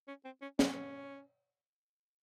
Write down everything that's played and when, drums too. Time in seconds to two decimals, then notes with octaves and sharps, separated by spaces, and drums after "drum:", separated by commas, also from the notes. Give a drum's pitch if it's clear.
0.08 C#4
0.25 C4
0.42 C#4
0.59 C#4, drum: snare